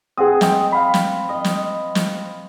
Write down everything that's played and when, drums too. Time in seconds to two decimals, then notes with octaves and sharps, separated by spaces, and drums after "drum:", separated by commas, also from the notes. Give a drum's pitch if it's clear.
0.17 C4 G#4 F#5 D#6
0.41 D#5 G5 D#6, drum: snare
0.72 F5 B5
0.94 drum: snare
1.29 D#5
1.44 drum: snare
1.95 drum: snare